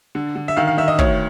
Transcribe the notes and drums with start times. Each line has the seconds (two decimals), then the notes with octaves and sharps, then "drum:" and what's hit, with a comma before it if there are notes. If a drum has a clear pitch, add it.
0.15 D3
0.36 D3
0.48 E5
0.56 D#3 F5
0.67 F5
0.78 D#3 E5
0.88 D#5
0.99 D2 C#5, drum: kick